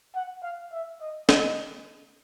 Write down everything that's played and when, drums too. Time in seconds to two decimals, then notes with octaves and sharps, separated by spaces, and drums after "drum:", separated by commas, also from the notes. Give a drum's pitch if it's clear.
0.15 F#5
0.43 F5
0.72 E5
1.01 D#5
1.29 D#5, drum: snare